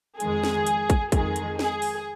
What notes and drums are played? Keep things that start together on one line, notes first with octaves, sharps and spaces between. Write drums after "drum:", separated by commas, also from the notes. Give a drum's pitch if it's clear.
F2 D#3 G#3 G#4, drum: hi-hat
drum: snare
drum: hi-hat
drum: kick, hi-hat
F2 D#3 G#3 G#4, drum: kick, hi-hat
drum: hi-hat
G#4, drum: snare
drum: open hi-hat